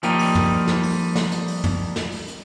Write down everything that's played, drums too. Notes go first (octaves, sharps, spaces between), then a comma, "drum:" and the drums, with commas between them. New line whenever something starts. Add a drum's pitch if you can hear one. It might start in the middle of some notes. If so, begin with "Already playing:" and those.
F3 G3 A#3 D#4, drum: hi-hat
drum: open hi-hat
drum: tom
drum: snare
drum: open hi-hat
drum: snare
drum: hi-hat
drum: open hi-hat
drum: tom
drum: snare
drum: open hi-hat
drum: hi-hat